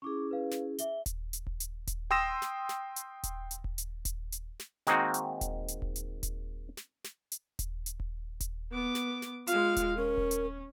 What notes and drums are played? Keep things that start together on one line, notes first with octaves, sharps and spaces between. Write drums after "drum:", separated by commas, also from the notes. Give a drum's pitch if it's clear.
C#4 E4 G#4 C#6 D6
B4 F5
drum: snare
G#4 E5 G7, drum: hi-hat
drum: kick D#1, hi-hat
drum: hi-hat
drum: kick D#1
drum: hi-hat
drum: kick D#1, hi-hat
G5 C6 D#6 E6 A#6 E7
drum: snare
drum: snare
drum: hi-hat
drum: kick D#1, hi-hat
drum: hi-hat
drum: kick D#1
drum: hi-hat
drum: kick D#1, hi-hat
drum: hi-hat
drum: snare
D#3 G#3 A#3 C4 D#4 F#4, drum: snare
drum: hi-hat
drum: kick D#1, hi-hat
drum: hi-hat
drum: kick D#1
drum: hi-hat
drum: kick D#1, hi-hat
drum: snare
drum: snare
drum: hi-hat
drum: kick D#1, hi-hat
drum: hi-hat
drum: kick D#1
drum: kick D#1, hi-hat
B3 D6
drum: snare
drum: snare
G#3 F4 F5, drum: hi-hat
drum: kick D#1, hi-hat
C#4 A#4
drum: kick D#1
drum: hi-hat